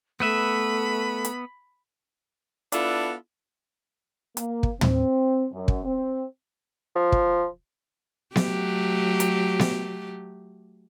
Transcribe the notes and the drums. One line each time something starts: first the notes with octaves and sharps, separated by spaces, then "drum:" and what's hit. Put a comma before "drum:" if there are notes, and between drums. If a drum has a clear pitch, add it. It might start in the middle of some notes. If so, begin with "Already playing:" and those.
A3 B3 B4 E5 B5
drum: hi-hat
B3 D4 E4 F4 A4, drum: hi-hat
A#3, drum: hi-hat
drum: kick
C4, drum: tom
F#2
drum: kick
C4
F3
drum: kick
F#3 A3 G4, drum: snare B3
drum: hi-hat
drum: snare B3